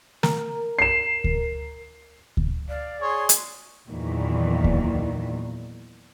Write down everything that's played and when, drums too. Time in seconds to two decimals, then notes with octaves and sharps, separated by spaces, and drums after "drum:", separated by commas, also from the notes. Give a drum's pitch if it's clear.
0.23 A#4, drum: snare
0.79 C7 E7
1.24 drum: kick D2
2.37 drum: kick D2
2.69 D5 F5
3.02 G#4 C#5 C6
3.29 drum: hi-hat
3.88 E2 A#2 D#3 E3 F#3
4.64 drum: kick D2